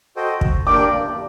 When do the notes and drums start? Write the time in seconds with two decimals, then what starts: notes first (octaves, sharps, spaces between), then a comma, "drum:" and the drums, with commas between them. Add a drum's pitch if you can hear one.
0.16 F#4 A4 C5 D#5 G5
0.41 drum: kick
0.66 D4 G4 A#4 D5 G5 D6